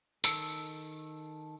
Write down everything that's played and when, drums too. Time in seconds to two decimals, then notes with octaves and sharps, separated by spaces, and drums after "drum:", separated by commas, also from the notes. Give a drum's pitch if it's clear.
0.24 D#3 A4, drum: tambourine